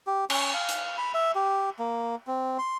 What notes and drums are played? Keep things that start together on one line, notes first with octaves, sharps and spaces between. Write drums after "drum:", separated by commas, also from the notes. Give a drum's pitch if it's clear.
G4
C#4, drum: cymbal
F5
drum: hi-hat
B5
E5
G4
A#3
C4
C6